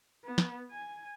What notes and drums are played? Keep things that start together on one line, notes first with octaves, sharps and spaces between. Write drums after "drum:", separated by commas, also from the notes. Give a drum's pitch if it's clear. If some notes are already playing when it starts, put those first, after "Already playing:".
B3
drum: snare
G#5